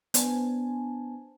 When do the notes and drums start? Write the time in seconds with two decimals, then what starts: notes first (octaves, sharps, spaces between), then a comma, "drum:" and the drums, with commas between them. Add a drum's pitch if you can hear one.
0.14 B3 D4 C5 G#5 A5, drum: hi-hat